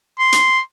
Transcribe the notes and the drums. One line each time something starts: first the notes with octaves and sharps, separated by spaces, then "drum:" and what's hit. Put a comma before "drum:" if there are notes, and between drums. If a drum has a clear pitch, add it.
C6
drum: hi-hat